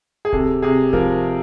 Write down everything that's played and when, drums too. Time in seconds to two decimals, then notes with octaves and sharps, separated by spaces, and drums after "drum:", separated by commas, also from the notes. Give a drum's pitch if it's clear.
0.25 G#4
0.33 C3 A4, drum: kick D1
0.62 C3 G#4
0.93 F3 A#4, drum: kick D1